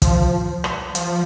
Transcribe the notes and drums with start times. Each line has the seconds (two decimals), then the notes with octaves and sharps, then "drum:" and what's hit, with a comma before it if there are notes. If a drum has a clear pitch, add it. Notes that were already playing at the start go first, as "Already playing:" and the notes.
0.02 F3, drum: kick, hi-hat
0.64 drum: rim click
0.95 F3, drum: hi-hat